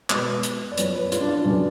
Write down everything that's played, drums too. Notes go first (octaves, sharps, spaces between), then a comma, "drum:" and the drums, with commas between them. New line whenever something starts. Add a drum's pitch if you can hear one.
B2 G#3 B3 B4, drum: clap
drum: hi-hat
D5
F#2 F3 B3 C#5, drum: hi-hat
B4
F4, drum: hi-hat
D4
F4
F#2 C#3 F#3 B3 D4